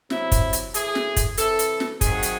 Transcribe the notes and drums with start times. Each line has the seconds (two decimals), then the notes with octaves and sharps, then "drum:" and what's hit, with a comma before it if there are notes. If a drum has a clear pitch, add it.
0.10 C3 F#3 E4, drum: snare
0.32 drum: kick, hi-hat
0.53 drum: hi-hat
0.74 A2 E3 G#4, drum: hi-hat
0.95 drum: snare
1.16 drum: kick, hi-hat
1.37 C3 E3 A4, drum: hi-hat
1.59 drum: hi-hat
1.80 drum: snare
2.01 C3 D#3 F#3 G#4, drum: kick, hi-hat
2.23 drum: hi-hat